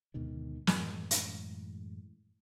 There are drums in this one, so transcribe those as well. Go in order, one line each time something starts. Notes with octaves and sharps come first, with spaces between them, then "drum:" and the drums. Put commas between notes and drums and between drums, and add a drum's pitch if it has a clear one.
D2 G#2 B2 D#3
F#2 A2 E3 G#3, drum: snare
drum: hi-hat